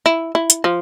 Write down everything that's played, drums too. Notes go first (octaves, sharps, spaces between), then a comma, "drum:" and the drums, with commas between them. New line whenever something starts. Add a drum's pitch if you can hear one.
E4
E4
drum: hi-hat
F3